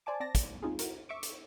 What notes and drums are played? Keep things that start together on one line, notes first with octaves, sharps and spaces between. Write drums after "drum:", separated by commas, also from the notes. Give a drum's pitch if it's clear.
C5 D5 G#5 A5 D6
C4 D5 A5 A#6
drum: kick, hi-hat
G#3 C4 D#4 F4 G#4
E4 F#4 A#4, drum: hi-hat
E5 C#6 D6
drum: hi-hat